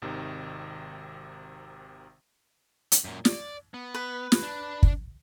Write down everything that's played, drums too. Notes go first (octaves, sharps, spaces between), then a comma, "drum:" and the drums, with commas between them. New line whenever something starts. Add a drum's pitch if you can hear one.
G#1 C3 D#3 D#4
drum: hi-hat
F#2 A#2
D5, drum: snare
B3
B4
drum: snare
D4
drum: kick